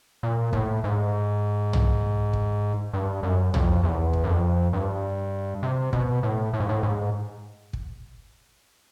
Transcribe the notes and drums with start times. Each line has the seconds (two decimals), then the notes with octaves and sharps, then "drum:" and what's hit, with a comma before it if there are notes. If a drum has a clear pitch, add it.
0.23 A#2
0.53 A2, drum: kick
0.84 G#2
1.73 drum: tom
2.33 drum: kick
2.93 G2
3.23 F#2
3.54 F2, drum: tom
3.83 E2
4.13 drum: kick
4.24 F#2
4.28 F2
4.73 G2
5.63 C3
5.93 B2, drum: kick
6.23 A2
6.53 A2
6.60 G#2
6.69 A2
6.83 G#2
7.73 drum: kick